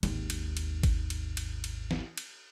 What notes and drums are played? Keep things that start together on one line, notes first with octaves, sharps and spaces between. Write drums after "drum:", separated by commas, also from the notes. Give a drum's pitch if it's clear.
G#1 D#2, drum: cymbal
drum: cymbal
drum: cymbal
drum: kick, cymbal
drum: cymbal
drum: cymbal
drum: cymbal
drum: snare
drum: cymbal